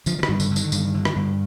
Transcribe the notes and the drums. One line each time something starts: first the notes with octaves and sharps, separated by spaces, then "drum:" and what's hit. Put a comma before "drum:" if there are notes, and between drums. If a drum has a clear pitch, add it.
D3 F3, drum: tambourine
F3
D#3, drum: rim click
G2
D3, drum: tambourine
D3
D#3, drum: tambourine
G2, drum: tambourine
D3
drum: rim click
G2